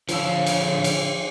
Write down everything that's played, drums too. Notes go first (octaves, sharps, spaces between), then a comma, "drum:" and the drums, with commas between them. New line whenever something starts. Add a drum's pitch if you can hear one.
D3 F3 C#5 F5 E6, drum: cymbal
drum: cymbal
drum: cymbal